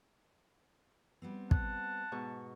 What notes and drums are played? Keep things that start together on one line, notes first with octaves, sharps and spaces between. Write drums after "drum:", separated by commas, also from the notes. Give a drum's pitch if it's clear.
G3 B3 C4
F#5 A5, drum: kick
G#2 B2 C#6